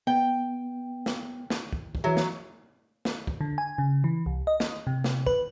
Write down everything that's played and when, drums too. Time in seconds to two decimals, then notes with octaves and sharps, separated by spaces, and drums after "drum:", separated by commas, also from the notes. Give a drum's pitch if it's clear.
0.07 B3 G5
1.06 drum: snare
1.50 drum: snare
1.73 drum: kick
1.95 drum: kick
2.04 E3 F#3 C#5 E5
2.17 drum: snare
3.05 drum: snare
3.27 drum: kick
3.41 D3
3.58 G#5
3.78 C#3
4.04 E3
4.26 C2
4.47 D#5
4.60 drum: snare
4.87 C3
5.04 drum: snare
5.27 B4, drum: kick